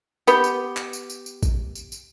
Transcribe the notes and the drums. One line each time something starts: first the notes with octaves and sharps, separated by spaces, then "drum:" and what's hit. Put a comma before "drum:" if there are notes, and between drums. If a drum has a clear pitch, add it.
B3 G4, drum: tambourine
drum: tambourine
drum: clap
drum: tambourine
drum: tambourine
drum: tambourine
drum: kick A1, tambourine
drum: tambourine
drum: tambourine